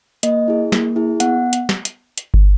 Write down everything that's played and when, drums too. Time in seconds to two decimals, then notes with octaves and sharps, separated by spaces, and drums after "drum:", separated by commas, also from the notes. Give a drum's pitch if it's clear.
0.23 A#3 D#5, drum: hi-hat
0.48 E4 G#4
0.72 A#3, drum: snare
0.96 E4 G#4
1.20 B3 F#5, drum: hi-hat
1.53 drum: hi-hat
1.69 drum: snare
1.85 drum: hi-hat
2.18 drum: hi-hat
2.34 drum: kick G1